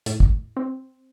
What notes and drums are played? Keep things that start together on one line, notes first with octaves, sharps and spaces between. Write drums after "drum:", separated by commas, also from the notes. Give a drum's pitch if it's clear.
A2, drum: hi-hat
drum: kick
C4